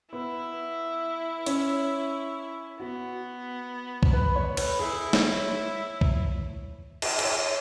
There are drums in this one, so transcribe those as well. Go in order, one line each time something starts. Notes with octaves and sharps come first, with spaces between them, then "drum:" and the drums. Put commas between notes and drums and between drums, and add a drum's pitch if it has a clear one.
B3 E4
C#4, drum: hi-hat
B3 F#4
drum: kick C2
B4
C#5
B4, drum: cymbal
E4 G#4
C#5, drum: snare
drum: kick C2
E5, drum: cymbal
E5, drum: cymbal
C#5